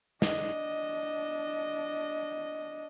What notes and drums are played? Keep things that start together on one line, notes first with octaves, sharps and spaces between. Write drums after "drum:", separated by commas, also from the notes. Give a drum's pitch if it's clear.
D4 D#5, drum: snare